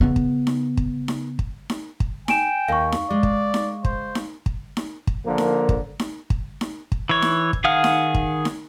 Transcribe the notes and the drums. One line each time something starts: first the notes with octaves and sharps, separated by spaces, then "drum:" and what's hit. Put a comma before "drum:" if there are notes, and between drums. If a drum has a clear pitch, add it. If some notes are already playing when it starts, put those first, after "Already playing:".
C#3 B3
drum: kick
drum: snare D#4
drum: kick
drum: snare D#4
drum: kick
drum: snare D#4
drum: kick
G5 G#5 D7 E7, drum: snare D#4
D#2 F5 C#6
drum: snare D#4
G#3 D5
drum: kick
drum: snare D#4
C5, drum: kick
drum: snare D#4
drum: kick
drum: snare D#4
drum: kick
D3 F3 A#3
drum: snare D#4
drum: kick
drum: snare D#4
drum: kick
drum: snare D#4
drum: kick
E3 C#5
drum: snare D#4
drum: kick
D#3 G#4 F5 F#5 F6
drum: snare D#4
drum: kick
drum: snare D#4